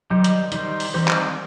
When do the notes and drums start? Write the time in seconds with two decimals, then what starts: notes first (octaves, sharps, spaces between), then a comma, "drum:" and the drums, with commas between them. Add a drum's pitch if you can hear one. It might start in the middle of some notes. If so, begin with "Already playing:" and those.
0.10 D#3 F#3 G3 D#4 G4 C5
0.24 drum: hi-hat
0.52 D#3 G3 D#4 G4 C5, drum: hi-hat
0.80 drum: open hi-hat
0.94 D#3 E3 G3 C4 D#4 G4
1.08 drum: clap